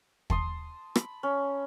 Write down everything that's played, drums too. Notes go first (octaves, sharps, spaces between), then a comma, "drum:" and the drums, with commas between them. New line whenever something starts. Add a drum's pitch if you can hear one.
A5 C6 D#6, drum: kick
B5, drum: rim click
C#4